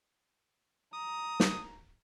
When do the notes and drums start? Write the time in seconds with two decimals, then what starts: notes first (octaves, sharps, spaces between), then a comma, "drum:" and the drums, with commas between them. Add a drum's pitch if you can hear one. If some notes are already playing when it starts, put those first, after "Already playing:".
0.94 A#5 D#6
1.40 drum: snare